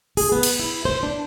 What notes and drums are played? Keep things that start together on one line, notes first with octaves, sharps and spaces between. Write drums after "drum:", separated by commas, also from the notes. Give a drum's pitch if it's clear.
G#4, drum: open hi-hat
B3
drum: cymbal
E4
C5
D4